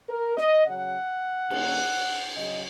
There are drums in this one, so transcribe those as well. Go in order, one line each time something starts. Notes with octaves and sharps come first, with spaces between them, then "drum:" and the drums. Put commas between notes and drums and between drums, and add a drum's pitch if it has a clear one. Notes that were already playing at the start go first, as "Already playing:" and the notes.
A#4
D#5, drum: snare
C#3 F#3 C#4 F#5
D#3 A#3 C#4, drum: cymbal
C#3 F#3 D#5